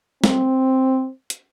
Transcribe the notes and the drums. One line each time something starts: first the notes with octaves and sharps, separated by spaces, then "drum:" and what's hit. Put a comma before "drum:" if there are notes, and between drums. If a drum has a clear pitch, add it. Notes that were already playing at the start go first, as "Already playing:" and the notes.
C4, drum: snare
drum: hi-hat